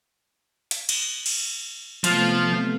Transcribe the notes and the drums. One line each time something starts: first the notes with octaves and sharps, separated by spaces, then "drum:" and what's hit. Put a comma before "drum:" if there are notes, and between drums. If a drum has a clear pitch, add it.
drum: hi-hat
drum: cymbal
drum: cymbal
C3 F3 A3 B3 F4, drum: hi-hat